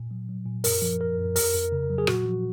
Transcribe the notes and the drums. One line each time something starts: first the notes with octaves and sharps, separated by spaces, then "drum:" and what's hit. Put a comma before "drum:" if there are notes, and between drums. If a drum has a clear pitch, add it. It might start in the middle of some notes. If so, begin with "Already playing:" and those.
Already playing: A#2
F#3
F#3
A#2
F#2 A#4, drum: open hi-hat
F3
F3 A#4
F#2
F2 A#4, drum: open hi-hat
F2
C#3
F#3
G#4
A#2 F#4, drum: rim click
F3